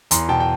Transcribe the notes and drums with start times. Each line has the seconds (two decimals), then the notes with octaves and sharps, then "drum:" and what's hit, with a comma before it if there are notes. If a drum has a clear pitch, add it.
0.11 E2 A#5 C6, drum: hi-hat
0.28 B2 G5 A5
0.40 G5